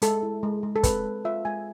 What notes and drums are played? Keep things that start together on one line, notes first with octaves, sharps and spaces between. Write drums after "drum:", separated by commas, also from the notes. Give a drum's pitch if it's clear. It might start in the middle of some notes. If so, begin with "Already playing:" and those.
G#3 A4, drum: hi-hat
E4
G#3
G#3
A4
C4 B4, drum: kick, hi-hat
G#3
F4 E5
G#3 G#5